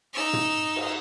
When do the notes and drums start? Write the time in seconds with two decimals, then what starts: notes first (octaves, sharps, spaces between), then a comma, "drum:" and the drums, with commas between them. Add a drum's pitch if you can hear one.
0.13 D#4 E6
0.33 drum: tom
0.76 drum: cymbal